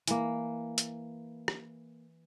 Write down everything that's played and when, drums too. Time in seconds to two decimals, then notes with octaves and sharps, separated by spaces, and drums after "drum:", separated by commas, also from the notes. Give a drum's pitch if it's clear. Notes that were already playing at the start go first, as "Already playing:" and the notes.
0.07 E3 A#3, drum: hi-hat
0.78 drum: hi-hat
1.48 drum: rim click